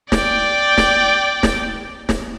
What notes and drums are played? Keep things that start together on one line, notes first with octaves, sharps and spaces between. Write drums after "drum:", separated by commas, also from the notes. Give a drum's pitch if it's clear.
D5 G5, drum: snare
drum: snare
drum: snare
drum: snare